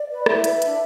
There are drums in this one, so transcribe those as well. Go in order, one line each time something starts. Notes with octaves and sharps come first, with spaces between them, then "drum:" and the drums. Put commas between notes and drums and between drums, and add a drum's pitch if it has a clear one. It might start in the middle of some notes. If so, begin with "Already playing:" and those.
Already playing: D5
B4
E4 E5, drum: rim click
B4, drum: hi-hat
D4, drum: hi-hat